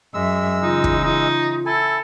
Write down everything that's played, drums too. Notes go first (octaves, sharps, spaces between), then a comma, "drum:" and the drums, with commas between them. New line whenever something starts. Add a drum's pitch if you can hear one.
F#2 G#3 E5 E6
C#3 E3 D#4 F4
drum: kick
D#4 F4
E4 A4 G#5